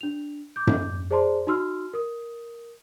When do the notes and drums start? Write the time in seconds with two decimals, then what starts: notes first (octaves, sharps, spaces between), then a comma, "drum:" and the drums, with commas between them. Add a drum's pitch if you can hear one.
0.01 D4 F7
0.56 D6 G6
0.67 drum: tom F#2
1.11 G#4 C5 D5 A5 A#5 C6
1.47 D#4 F#4 C6 E6 F6
1.93 A#4 D#6